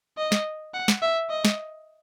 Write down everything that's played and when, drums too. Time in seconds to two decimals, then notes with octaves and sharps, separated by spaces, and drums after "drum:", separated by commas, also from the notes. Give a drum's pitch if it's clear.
0.18 D#5
0.32 drum: snare
0.74 F#5
0.88 drum: snare
1.02 E5
1.30 D#5
1.45 drum: snare